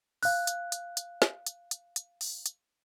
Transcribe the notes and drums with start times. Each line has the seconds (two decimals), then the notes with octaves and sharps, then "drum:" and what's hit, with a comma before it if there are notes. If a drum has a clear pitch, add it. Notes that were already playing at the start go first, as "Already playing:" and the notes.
0.23 F5 F#6, drum: open hi-hat
0.47 drum: hi-hat
0.72 drum: hi-hat
0.97 drum: hi-hat
1.22 drum: snare
1.46 drum: hi-hat
1.71 drum: hi-hat
1.96 drum: hi-hat
2.21 drum: open hi-hat
2.46 drum: hi-hat